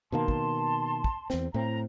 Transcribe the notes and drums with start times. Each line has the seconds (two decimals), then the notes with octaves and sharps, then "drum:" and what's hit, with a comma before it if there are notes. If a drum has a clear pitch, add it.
0.12 B2 D#3 A#3 A5 C6
0.28 drum: kick
1.04 drum: kick
1.30 E2 C4, drum: snare
1.54 A2 C4 A#5